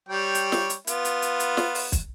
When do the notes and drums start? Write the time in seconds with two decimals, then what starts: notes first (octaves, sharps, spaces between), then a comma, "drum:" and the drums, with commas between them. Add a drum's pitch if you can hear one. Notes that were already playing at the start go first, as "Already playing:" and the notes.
0.09 G3 C#5 G5
0.35 drum: hi-hat
0.52 drum: snare
0.70 drum: hi-hat
0.87 B3 F4, drum: hi-hat
1.05 drum: hi-hat
1.22 drum: hi-hat
1.40 drum: hi-hat
1.57 drum: snare
1.75 drum: open hi-hat
1.92 drum: kick, hi-hat